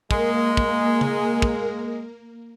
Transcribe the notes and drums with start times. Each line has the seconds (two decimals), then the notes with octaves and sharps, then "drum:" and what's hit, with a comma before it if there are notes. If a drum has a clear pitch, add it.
0.11 G#3 A#3 A#4, drum: kick
0.57 drum: kick
1.01 drum: tom C#3
1.42 drum: kick